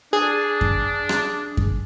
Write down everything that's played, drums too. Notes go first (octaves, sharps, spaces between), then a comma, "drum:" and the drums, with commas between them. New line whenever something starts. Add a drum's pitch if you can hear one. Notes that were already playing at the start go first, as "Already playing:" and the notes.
D4 G#4
drum: kick F#2
drum: rim click
drum: kick F#2